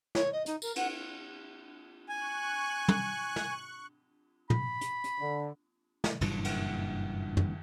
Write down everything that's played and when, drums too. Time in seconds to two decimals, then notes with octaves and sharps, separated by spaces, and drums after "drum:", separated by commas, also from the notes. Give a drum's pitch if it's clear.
0.15 C#5, drum: snare
0.32 D#5
0.46 D#4, drum: hi-hat
0.62 A#4, drum: tambourine
0.76 F#5, drum: cymbal
2.09 G#5 C#6 F#6
2.88 drum: tom
3.36 drum: snare
4.50 B5, drum: tom
4.81 drum: hi-hat
5.04 drum: hi-hat
5.19 D3
6.04 drum: snare
6.21 F#1 G2 A#2 E3, drum: cymbal
6.44 drum: cymbal
7.37 drum: tom